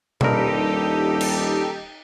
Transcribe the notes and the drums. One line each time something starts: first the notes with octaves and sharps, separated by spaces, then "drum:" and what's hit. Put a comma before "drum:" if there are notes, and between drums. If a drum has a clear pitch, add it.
D#1 G2 D#4 G4 A4 A#4, drum: tom B2
drum: cymbal